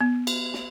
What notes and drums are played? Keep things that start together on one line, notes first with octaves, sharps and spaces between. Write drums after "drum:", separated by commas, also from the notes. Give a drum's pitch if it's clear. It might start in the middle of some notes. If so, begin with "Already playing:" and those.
B3
drum: cymbal
drum: snare